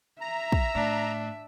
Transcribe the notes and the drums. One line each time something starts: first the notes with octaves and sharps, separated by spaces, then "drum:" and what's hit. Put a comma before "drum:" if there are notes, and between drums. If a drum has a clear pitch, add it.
E5 A#5
drum: kick
A2 D4